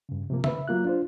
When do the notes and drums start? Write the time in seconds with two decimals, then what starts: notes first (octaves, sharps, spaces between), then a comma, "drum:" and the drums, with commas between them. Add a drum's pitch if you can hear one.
0.09 G2 C#3
0.30 C3 F3 A#3
0.44 B4 E5, drum: tom C#3
0.68 F#3 A#3 F4 F#6
0.85 D4 F4 C5